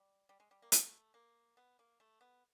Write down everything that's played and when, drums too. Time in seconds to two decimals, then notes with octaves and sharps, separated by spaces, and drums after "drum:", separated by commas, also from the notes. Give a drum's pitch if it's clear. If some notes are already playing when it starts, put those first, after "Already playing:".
Already playing: G3
0.29 G3
0.40 G#3
0.51 G3
0.62 A#3
0.72 A3, drum: hi-hat
1.14 A#3
1.57 B3
1.79 A#3
2.00 A3
2.21 B3